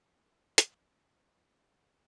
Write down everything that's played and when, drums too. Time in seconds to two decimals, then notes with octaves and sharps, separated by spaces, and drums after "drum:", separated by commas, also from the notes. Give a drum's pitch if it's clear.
0.24 A3
0.58 drum: hi-hat
0.76 C#5
1.13 F4
1.37 F4